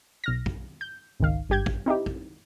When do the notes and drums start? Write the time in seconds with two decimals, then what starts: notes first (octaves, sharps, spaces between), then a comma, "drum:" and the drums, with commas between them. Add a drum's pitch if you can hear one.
0.24 B1 F6 A#6
0.46 drum: kick
0.81 G6
1.20 G#1 C#2 D#3 F5
1.49 G#1 G2 G4 G6 G#6
1.66 drum: kick
1.86 C4 D#4 E4 G4
2.06 drum: kick